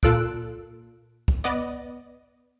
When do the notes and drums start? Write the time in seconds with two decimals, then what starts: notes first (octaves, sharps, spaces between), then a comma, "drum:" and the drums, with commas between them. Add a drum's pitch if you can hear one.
0.03 A#2 F4 A4 E6 F#6 D7, drum: kick
1.28 drum: kick
1.44 B3 D5 D#5